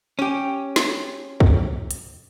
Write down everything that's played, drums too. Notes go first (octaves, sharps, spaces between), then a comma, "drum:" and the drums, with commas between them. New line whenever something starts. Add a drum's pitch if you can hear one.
C#4 G4
drum: snare
drum: kick
drum: hi-hat